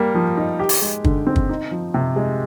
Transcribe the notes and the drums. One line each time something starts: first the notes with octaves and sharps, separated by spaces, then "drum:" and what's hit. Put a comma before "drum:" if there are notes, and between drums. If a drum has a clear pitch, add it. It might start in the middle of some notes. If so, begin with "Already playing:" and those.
Already playing: G3 A#3 A#4
F3
D#4
G4
drum: open hi-hat
G#3
D3, drum: kick
C4
drum: kick
D#4
F3
C3
G#3